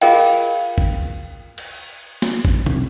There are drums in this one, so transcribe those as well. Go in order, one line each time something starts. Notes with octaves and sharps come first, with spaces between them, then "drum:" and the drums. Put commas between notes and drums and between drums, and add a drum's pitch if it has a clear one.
F4 G#4 A#4 D#5 F5 G5, drum: cymbal
drum: kick
drum: cymbal
drum: snare
drum: kick
drum: tom